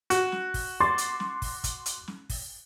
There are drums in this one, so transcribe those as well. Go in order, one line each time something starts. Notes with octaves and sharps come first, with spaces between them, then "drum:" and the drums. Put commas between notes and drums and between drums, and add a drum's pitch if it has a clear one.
F#4, drum: hi-hat
drum: snare
drum: kick, open hi-hat
C6 D6 A6
drum: hi-hat
drum: snare
drum: kick, open hi-hat
drum: kick, hi-hat
drum: hi-hat
drum: snare
drum: kick, open hi-hat